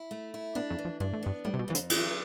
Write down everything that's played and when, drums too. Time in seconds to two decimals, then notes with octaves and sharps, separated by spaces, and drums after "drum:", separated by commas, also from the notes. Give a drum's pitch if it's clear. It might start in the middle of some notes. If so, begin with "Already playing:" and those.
Already playing: E4
0.11 A3
0.34 E4
0.55 B2 D4
0.70 F2
0.79 E3
0.85 F2
1.00 G2 D4
1.13 A2
1.23 G2 B3
1.45 A2 G3
1.54 C3
1.59 B2
1.68 F2 E3
1.75 D3, drum: hi-hat
1.90 E3, drum: cymbal